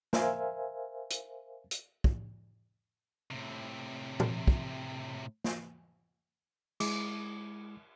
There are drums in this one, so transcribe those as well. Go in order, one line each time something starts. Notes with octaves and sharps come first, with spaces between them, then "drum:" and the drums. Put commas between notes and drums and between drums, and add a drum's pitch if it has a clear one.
A#4 C5 E5 F5 G#5, drum: snare
drum: hi-hat
drum: hi-hat
drum: kick
A2 C3
drum: tom
drum: kick
drum: snare
G#3 E4 D6, drum: cymbal